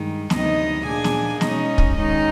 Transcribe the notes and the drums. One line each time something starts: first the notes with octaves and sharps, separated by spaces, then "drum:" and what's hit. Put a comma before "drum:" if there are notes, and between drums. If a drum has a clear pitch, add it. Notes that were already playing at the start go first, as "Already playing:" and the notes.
Already playing: G2 D#3 G#3
D2 C3 D#3 F#3 B3 D#4 D#5, drum: snare
A#2 F3 A#3 D4 G#4 G#5
drum: snare
B2 G#3 C#4 D#4 D#5, drum: snare
drum: kick
D#2 D#3 G#3 C#4 D#4 D#5